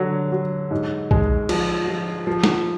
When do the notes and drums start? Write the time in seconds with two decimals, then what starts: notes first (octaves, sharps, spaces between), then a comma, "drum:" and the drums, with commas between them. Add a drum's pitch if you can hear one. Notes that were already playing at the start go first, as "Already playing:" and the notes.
Already playing: D3 F#3
0.32 F#3
0.71 G#2
1.11 G#3, drum: kick B1
1.49 F3, drum: cymbal
1.88 F3
2.27 F3
2.44 drum: snare